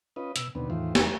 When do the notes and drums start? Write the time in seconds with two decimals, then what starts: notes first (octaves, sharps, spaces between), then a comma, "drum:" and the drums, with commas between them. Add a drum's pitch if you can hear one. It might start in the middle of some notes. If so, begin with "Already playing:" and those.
0.16 C#4 F4 B4 D#5
0.36 B2 E6, drum: hi-hat
0.55 D#2 B2 D3 B3 C4
0.70 E2 A2 D#3 E3 F4 C5
0.95 E2 G3 G#3 D#4, drum: snare